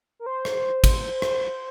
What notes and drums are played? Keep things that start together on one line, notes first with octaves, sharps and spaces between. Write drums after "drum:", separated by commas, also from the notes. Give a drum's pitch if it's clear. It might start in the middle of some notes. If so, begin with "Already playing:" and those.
A#4
C5
drum: rim click
drum: kick, cymbal
drum: rim click